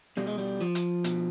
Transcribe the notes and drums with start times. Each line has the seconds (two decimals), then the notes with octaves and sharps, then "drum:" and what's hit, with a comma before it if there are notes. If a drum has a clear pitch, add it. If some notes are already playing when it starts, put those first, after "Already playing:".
0.17 B2 G3
0.27 G#3
0.38 G3
0.61 F3
0.75 drum: hi-hat
1.04 B2, drum: hi-hat